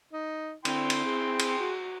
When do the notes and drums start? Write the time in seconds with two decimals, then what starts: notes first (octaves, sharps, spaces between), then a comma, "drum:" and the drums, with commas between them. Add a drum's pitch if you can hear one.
0.13 D#4
0.65 D3 C4 E4 G5 C6, drum: cymbal
0.90 drum: cymbal
1.06 G#4
1.39 drum: cymbal
1.60 F#4